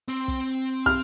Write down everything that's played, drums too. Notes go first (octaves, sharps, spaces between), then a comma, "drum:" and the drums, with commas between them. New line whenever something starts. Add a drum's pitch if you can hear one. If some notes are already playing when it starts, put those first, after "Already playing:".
C4
drum: kick
F6, drum: kick